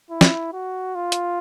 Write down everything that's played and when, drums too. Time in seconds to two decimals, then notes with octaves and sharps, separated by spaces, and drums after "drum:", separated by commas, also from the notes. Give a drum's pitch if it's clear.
0.10 E4
0.21 drum: snare
0.53 F#4
0.95 F4
1.12 drum: hi-hat